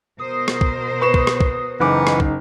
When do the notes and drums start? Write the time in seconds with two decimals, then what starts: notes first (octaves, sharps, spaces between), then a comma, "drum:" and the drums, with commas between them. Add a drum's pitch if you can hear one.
0.20 B2 A#4 C5 D#6
0.48 drum: rim click
0.61 drum: kick
1.01 B4 C#6 E7
1.14 drum: kick
1.27 drum: rim click
1.40 drum: kick
1.80 F#1 E3 D#4 B4 F#5 D6
2.07 drum: rim click
2.20 drum: kick